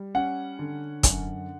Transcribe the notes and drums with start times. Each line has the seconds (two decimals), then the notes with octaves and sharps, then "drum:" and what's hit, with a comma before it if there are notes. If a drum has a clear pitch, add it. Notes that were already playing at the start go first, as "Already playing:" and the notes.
Already playing: G3
0.15 C#4 F#5
0.59 D3
1.03 F#2, drum: kick, hi-hat